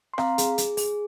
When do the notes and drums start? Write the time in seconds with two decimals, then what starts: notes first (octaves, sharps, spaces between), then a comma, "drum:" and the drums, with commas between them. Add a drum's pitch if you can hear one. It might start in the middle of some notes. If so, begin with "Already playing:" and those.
0.14 C6
0.18 C4 F5 A#5, drum: rim click
0.38 G#4, drum: hi-hat
0.58 G#4, drum: hi-hat
0.77 G#4, drum: open hi-hat